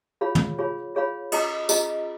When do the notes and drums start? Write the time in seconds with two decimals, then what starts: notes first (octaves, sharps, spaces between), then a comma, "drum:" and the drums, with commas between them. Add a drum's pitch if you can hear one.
0.21 F4 G#4 C#5 F5 B5
0.35 drum: tom
0.58 F4 G#4 C#5 F5 B5
0.95 F4 G#4 C#5 F5 B5
1.32 C#4 F4 G#4 D#5 A#5, drum: cymbal
1.69 C#4 F4 G#4 D#5 A#5, drum: tambourine